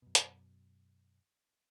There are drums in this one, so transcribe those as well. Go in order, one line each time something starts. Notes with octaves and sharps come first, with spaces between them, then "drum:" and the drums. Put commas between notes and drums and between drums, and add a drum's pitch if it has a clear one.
F#2 B2
drum: hi-hat